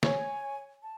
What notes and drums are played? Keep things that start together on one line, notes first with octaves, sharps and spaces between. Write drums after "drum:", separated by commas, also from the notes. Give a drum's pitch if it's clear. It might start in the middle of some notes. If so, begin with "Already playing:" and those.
C#5 G#5, drum: snare
A5